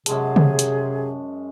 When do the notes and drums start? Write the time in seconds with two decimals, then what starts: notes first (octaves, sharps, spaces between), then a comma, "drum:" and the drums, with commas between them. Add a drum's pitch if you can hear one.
0.06 F#2 C3 G#3 G#4 A5, drum: hi-hat
0.36 drum: tom C#3
0.59 drum: hi-hat